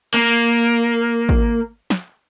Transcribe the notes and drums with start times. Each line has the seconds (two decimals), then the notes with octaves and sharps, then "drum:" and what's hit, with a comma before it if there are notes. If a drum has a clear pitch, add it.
0.14 A#3
1.29 drum: kick
1.90 drum: snare